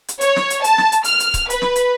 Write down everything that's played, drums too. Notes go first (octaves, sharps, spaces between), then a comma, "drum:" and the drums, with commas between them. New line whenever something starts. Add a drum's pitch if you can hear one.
drum: hi-hat
C#5, drum: hi-hat
drum: snare
drum: hi-hat
A5, drum: hi-hat
drum: snare
drum: hi-hat
F6, drum: hi-hat
drum: hi-hat
drum: kick C#1, hi-hat
B4, drum: hi-hat
drum: snare
drum: hi-hat